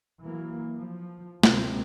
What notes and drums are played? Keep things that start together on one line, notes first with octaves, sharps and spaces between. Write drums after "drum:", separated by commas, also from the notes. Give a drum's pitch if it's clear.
E3 F#3 A#3
F3
D2 C3 G#3 A#3 C4, drum: snare